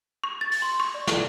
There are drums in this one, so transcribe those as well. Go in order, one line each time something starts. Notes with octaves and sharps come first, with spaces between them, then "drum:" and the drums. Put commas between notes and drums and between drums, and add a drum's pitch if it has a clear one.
C#6
A6
drum: open hi-hat
C6
C#6
D5
C#6, drum: snare